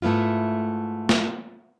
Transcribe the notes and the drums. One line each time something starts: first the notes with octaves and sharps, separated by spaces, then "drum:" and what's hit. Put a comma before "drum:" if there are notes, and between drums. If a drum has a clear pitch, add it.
G#2 A3 B3 E4 F4
drum: snare